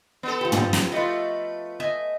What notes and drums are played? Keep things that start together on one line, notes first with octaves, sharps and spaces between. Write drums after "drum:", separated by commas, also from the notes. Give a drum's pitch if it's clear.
B3 A4
F3 G4
drum: tom
drum: snare
A3 F4 B4 D#5
D#5 E5 G#5